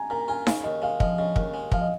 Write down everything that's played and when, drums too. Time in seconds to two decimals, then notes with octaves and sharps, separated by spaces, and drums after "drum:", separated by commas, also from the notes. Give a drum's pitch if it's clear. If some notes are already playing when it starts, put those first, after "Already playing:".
Already playing: G#5 A#5
0.10 A#2 A#5
0.28 F4 G#5
0.47 C#3 F5, drum: snare D#4
0.64 D#2 D#5
0.82 G#3 F5
1.00 F3 D#5, drum: kick
1.19 C#3 D#5
1.36 D#2, drum: kick
1.54 G#3
1.72 F3 F5, drum: kick
1.81 D#5